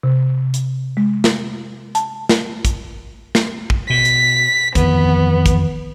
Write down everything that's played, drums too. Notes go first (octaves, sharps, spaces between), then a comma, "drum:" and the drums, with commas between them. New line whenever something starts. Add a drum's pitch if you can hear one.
C3
drum: hi-hat
G#3
drum: snare
A5, drum: hi-hat
drum: snare
drum: kick, hi-hat
drum: snare
drum: kick
B2 B6
drum: hi-hat
F2 D#3 E3 B3, drum: kick, hi-hat
drum: kick, hi-hat